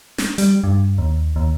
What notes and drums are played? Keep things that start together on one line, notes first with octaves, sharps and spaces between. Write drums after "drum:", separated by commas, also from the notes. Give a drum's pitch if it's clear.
drum: snare
G3, drum: hi-hat
G2
D#2
D#2